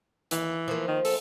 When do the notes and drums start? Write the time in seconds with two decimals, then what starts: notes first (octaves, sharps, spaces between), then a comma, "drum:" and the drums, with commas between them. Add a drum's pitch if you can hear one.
0.31 D#2 E3, drum: hi-hat
0.68 F3 A#3
0.88 D#3
1.05 A4, drum: open hi-hat